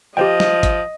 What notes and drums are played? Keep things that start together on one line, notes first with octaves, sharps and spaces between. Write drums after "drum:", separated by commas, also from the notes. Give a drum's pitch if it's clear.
F3 G4 C5 D#5 G5
drum: snare
drum: kick G#1, hi-hat